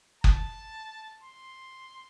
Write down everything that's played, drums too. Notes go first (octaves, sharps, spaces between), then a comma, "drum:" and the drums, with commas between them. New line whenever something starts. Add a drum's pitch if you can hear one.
A5, drum: kick F#1
C6